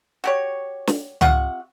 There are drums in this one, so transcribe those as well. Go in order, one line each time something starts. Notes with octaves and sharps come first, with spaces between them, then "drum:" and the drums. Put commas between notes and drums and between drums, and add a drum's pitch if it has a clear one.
F#4 G4 C#5
drum: snare
C3 F4 F#5 C#6, drum: tom